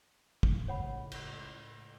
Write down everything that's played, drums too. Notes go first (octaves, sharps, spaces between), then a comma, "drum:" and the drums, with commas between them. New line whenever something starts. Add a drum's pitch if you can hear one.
drum: kick
C#2 A2 C#5 F#5 B5
drum: cymbal